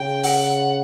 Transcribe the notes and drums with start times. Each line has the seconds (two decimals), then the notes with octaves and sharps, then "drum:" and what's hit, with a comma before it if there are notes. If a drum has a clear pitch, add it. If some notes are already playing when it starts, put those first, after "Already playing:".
Already playing: C#3 G5
0.23 F#5, drum: open hi-hat